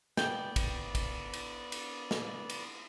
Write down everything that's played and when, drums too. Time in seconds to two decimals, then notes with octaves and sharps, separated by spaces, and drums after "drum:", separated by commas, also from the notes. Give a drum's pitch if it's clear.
0.17 B3 D5 G5, drum: snare
0.56 drum: kick, cymbal
0.95 drum: kick, cymbal
1.33 drum: cymbal
1.72 drum: cymbal
2.11 drum: snare
2.50 drum: cymbal